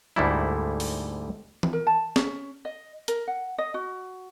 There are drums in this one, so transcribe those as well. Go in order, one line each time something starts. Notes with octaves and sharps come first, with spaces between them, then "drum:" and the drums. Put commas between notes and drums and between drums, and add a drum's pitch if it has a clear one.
D2 G#2 G3 A3 A#3 E4
drum: open hi-hat
drum: tom E3
A#4
A5
C#4, drum: snare
D#5
A#4, drum: hi-hat
F#5
D#5
F#4